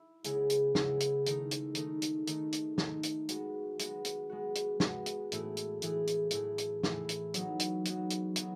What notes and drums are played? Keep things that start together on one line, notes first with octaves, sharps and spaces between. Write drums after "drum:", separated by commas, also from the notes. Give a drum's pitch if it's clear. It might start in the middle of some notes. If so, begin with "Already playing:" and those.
Already playing: E4
C#3 G#3 B3 E4 G#4, drum: hi-hat
drum: hi-hat
C#3 G#3 B3 E4 G#4, drum: snare
drum: hi-hat
D#3 A3 D#4, drum: hi-hat
drum: hi-hat
D#3 A3 D#4, drum: hi-hat
drum: hi-hat
D#3 A3 D#4, drum: hi-hat
drum: hi-hat
D#3 A3 D#4, drum: snare
drum: hi-hat
G#3 B3 F#4, drum: hi-hat
G#3 B3 F#4, drum: hi-hat
drum: hi-hat
G#3 B3 F#4
drum: hi-hat
G#3 B3 F#4, drum: snare
drum: hi-hat
A2 E3 A3 E4 G#4, drum: hi-hat
drum: hi-hat
A2 E3 A3 E4 G#4, drum: hi-hat
drum: hi-hat
A2 E3 A3 E4 G#4, drum: hi-hat
drum: hi-hat
A2 E3 A3 E4 G#4, drum: snare
drum: hi-hat
F#3 B3 D#4 F#4, drum: hi-hat
drum: hi-hat
F#3 B3 D#4 F#4, drum: hi-hat
drum: hi-hat
F#3 B3 D#4 F#4, drum: hi-hat